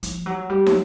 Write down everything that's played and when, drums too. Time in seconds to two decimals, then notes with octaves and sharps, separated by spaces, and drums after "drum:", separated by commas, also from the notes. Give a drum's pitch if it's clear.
0.03 F3, drum: hi-hat
0.26 F#3
0.50 G3
0.66 F#3, drum: snare